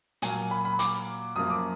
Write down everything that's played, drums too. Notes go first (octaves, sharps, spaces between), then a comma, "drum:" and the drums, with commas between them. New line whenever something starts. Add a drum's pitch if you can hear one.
A#2 F#3 A#3 G#5, drum: hi-hat
B5
B5
D6, drum: hi-hat
F#2 F3 A#3 D#6
D6